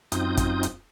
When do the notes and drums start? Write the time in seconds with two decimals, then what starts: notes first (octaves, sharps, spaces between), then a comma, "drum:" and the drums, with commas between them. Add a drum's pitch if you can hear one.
0.12 F#2 C4 D#4 F4 D#6 G6, drum: hi-hat
0.37 drum: kick, hi-hat
0.63 drum: hi-hat